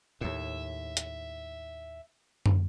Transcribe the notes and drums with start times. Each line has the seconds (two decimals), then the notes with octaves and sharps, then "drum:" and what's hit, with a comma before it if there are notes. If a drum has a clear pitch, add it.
0.21 D#2 A2 E5
0.97 drum: hi-hat
2.46 drum: tom